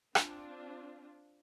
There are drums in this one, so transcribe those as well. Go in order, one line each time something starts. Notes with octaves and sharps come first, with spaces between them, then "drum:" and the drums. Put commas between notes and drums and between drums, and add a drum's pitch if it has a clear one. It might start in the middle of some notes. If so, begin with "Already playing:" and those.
C4 D4 F4, drum: rim click